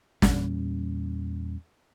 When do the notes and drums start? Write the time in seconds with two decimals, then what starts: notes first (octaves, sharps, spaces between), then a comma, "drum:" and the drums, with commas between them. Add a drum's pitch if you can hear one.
0.22 E2 A#2 G3 C#4, drum: snare